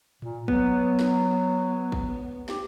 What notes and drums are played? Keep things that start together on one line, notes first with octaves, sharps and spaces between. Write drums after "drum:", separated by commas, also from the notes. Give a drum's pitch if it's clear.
A#2, drum: tom A2
F#3 B3, drum: kick
drum: snare
drum: kick
G4, drum: snare